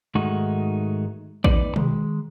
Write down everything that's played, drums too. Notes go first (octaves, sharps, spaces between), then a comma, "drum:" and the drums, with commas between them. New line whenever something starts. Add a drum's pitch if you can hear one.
G#2 D#3 G#3 A3 D#4 F#4
D#2 C#3 D#4 B4 D5, drum: kick A1
D#3 G#3, drum: tom B2